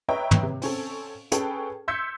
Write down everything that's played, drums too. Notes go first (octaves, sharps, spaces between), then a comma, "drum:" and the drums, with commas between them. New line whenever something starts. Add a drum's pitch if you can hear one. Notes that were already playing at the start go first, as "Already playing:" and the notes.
B4 C#5 D#5 E5 G5 A#5
drum: tom
C3
C4 C#4 A4, drum: open hi-hat
C#4 G#4 A4 B4 G5 A5, drum: hi-hat
C6 E6 G6 G#6 B6 C#7